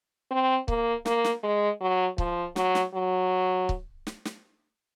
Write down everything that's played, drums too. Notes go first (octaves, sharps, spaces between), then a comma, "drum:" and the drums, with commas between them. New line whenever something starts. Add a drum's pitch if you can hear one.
C4
A#3, drum: kick C#1
A#3, drum: snare
drum: snare
G#3
F#3
F3, drum: kick C#1
F#3, drum: snare
drum: snare
F#3
drum: kick C#1
drum: snare
drum: snare